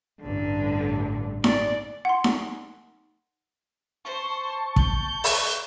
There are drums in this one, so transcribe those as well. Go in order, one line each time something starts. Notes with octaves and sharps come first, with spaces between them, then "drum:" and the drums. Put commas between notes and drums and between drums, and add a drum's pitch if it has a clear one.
A1 G2 D3
D5, drum: snare D#4
F#5 C6
drum: snare D#4
C5 A5 C#6
G6, drum: kick
drum: open hi-hat